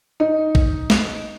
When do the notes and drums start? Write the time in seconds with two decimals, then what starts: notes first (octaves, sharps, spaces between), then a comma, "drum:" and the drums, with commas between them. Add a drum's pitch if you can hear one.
0.20 D#4
0.55 drum: kick A1
0.90 drum: snare